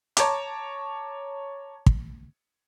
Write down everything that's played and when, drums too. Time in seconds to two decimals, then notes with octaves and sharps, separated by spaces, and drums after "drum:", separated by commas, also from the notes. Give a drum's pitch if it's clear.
0.17 C#5 A5 A#5 D6, drum: hi-hat
1.86 drum: kick